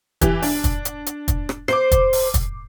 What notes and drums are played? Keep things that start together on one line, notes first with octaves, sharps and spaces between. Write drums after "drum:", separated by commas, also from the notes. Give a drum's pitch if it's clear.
E3 G4, drum: kick, hi-hat
D4, drum: open hi-hat
drum: kick, hi-hat
drum: hi-hat
drum: hi-hat
drum: kick, hi-hat
drum: rim click
C5 D6 C7, drum: rim click
drum: kick, hi-hat
drum: open hi-hat
drum: kick, hi-hat